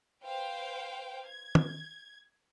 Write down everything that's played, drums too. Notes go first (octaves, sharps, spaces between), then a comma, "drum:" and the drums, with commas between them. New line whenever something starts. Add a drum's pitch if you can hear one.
B4 C5 F5 G5
G#6
drum: tom